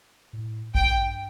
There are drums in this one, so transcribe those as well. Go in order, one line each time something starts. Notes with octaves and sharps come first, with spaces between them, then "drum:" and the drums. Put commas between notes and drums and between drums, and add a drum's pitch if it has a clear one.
A2
G2 G5, drum: kick A1